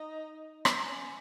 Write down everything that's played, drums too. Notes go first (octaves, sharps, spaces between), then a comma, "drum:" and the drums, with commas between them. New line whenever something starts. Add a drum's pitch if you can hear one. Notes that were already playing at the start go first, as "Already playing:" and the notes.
Already playing: D#4
drum: rim click
C#4